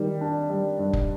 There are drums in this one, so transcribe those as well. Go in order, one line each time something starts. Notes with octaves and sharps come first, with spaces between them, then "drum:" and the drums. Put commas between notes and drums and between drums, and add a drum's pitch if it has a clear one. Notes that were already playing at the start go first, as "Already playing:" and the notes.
Already playing: D#3 G3
D4
G3
G2
drum: kick